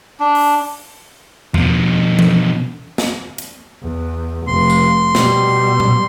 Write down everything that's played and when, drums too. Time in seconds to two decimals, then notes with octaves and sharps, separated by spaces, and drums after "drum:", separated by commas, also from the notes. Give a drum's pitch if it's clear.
0.20 D4
0.35 drum: open hi-hat
1.54 B2 F3, drum: tom E2
2.19 drum: tom E3
2.98 drum: snare
3.38 drum: hi-hat
3.83 E2
4.47 F1 C6
4.70 drum: tambourine
5.15 B2 G3, drum: snare
5.80 drum: tom A#2